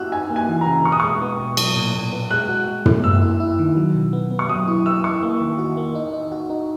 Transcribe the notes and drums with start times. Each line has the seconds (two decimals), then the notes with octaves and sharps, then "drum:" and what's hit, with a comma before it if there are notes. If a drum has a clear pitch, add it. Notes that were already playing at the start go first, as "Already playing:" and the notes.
Already playing: F#4 E6 F#6
0.12 D#4 G#5
0.30 A#3
0.36 G#5
0.49 E3
0.61 A#5
0.67 C#3
0.85 B2 C#6
0.92 D#6
1.00 G#3 C#6
1.22 B3
1.40 B2
1.57 F#3, drum: cymbal
1.76 A#2
1.94 A#2
2.12 B3
2.31 G#3 F#6
2.49 F#4
2.67 G#3
2.86 G#3, drum: tom
3.04 A#3 E6
3.22 E4
3.40 E4
3.59 D#3
3.77 F#3
3.95 B2
4.13 B3
4.31 B3
4.39 C#6
4.49 F#3 D#6
4.68 E4
4.86 E4 E6
5.04 E4 C#6
5.23 A#3
5.41 D#3
5.58 F#4
5.77 A#3
5.95 D#4
6.14 D#4
6.32 F#4
6.50 D#4